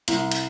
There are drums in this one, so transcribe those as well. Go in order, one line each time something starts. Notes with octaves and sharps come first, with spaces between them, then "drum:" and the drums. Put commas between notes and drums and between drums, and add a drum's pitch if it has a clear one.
C2, drum: hi-hat
drum: hi-hat